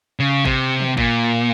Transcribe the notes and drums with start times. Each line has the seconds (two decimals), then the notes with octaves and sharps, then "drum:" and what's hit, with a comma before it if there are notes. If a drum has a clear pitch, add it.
0.19 C#3
0.45 C3, drum: kick G#1
0.80 drum: tom
0.97 A#2, drum: kick G#1